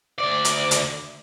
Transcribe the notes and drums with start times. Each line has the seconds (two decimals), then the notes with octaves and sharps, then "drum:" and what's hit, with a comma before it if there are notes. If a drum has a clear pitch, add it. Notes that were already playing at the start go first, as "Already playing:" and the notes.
0.18 D2 D5
0.45 drum: hi-hat
0.71 drum: hi-hat